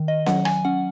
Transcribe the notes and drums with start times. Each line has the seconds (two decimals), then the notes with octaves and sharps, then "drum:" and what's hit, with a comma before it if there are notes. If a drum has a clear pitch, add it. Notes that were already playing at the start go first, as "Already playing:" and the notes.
Already playing: D#3
0.08 D#5
0.26 F#3 F#5, drum: snare
0.45 G#5, drum: rim click
0.65 C#4 F#5